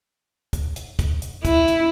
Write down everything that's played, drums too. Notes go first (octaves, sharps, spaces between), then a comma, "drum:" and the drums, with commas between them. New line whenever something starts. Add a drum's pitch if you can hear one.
drum: kick, hi-hat
drum: hi-hat
drum: kick, hi-hat
drum: hi-hat
E4, drum: kick, hi-hat
drum: hi-hat